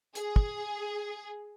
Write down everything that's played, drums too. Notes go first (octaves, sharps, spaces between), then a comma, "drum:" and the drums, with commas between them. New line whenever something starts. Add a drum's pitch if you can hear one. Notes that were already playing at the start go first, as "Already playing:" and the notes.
G#4, drum: hi-hat
drum: kick